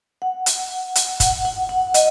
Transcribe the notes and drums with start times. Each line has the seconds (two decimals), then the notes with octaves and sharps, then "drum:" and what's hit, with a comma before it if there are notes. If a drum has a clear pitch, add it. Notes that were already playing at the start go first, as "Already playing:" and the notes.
0.22 F#5
0.46 drum: hi-hat
0.95 drum: hi-hat
1.20 F#5, drum: kick, hi-hat
1.45 F#5
1.69 F#5
1.94 D#5, drum: hi-hat